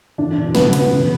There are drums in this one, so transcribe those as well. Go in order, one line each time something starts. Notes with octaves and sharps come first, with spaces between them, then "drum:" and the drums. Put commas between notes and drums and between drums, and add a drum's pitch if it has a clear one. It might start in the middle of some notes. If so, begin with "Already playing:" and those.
E2 D4
B2
C#3 B3, drum: snare
C#3, drum: cymbal
E2